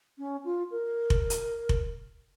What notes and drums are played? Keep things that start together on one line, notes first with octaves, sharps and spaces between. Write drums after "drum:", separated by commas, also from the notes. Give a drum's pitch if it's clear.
C#4
F4
A#4
drum: kick F1
drum: hi-hat
drum: kick F1